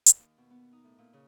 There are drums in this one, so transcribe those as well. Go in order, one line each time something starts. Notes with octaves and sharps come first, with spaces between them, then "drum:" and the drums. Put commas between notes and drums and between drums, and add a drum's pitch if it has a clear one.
drum: hi-hat
D#2
B2
B3
D#4
A2
A#2
C#3